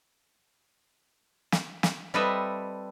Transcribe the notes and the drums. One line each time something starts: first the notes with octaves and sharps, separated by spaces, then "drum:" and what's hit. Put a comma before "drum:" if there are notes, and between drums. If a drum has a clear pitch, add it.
drum: snare
drum: snare
G3 C4 A4 B4 D#5 E5